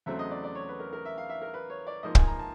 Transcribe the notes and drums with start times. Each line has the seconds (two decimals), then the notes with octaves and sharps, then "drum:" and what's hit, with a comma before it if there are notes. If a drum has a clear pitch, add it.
0.06 E2 C#3 F#3 A3 C4 E5
0.19 D#5
0.31 D5
0.44 D5
0.55 C#5
0.68 B4
0.80 A#4
0.93 A#4
1.05 E5
1.18 F5
1.29 E5
1.42 A#4
1.54 B4
1.70 C#5
1.87 D5
2.03 G#2 F3 A#3 D#5
2.15 G#5, drum: kick
2.27 A#5
2.39 A5